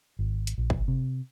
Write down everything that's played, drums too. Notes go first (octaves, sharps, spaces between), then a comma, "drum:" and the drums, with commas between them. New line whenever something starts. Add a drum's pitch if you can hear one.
G#1
drum: hi-hat
A#1
drum: kick
C3